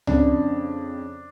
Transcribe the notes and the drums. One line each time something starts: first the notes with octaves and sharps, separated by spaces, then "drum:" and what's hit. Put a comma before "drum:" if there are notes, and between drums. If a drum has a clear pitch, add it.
F2 C#3 D4, drum: tom C#2